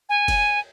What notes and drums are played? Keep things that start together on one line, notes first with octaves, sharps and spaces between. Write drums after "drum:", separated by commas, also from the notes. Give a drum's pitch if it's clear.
G#5
drum: kick, cymbal